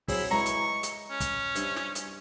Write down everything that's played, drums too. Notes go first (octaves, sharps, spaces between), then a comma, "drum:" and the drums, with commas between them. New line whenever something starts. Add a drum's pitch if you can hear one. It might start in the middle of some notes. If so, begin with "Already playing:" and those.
F#3 C4 E4 G#4, drum: kick, open hi-hat
G#3 E4 B4 A#5 C#6
drum: hi-hat
drum: hi-hat
C#4
drum: kick, hi-hat
G2 C5 E5, drum: hi-hat
drum: snare
drum: hi-hat